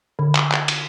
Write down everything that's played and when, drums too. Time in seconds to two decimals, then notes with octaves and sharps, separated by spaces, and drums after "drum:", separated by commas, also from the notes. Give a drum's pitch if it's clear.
0.19 D3
0.35 drum: clap
0.52 drum: clap
0.68 drum: cymbal